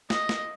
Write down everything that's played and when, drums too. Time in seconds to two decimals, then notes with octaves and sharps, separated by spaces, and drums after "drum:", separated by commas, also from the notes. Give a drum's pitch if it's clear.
0.10 D#5, drum: snare
0.29 drum: snare